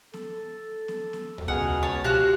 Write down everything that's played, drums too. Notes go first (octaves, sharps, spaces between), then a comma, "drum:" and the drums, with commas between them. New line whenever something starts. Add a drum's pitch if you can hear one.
A4, drum: snare B3
drum: snare B3
drum: snare B3
drum: tom D#2
C#2 B2 G#4 F#5 F6
C#5 A5
B2 F3 F#4 G4 F5 F#6